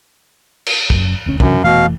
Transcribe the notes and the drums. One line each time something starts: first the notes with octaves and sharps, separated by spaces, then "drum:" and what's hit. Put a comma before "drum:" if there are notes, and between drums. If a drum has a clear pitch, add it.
drum: cymbal
F#1 F#2, drum: kick
E1 D2 C#4
F#2 C3 E3 D4, drum: kick
F1 B2 E3 A3 F5